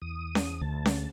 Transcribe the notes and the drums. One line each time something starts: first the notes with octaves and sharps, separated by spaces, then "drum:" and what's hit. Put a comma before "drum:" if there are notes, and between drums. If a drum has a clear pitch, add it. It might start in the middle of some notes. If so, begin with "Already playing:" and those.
E2 D#6
drum: snare C#4
D2 A5
drum: snare C#4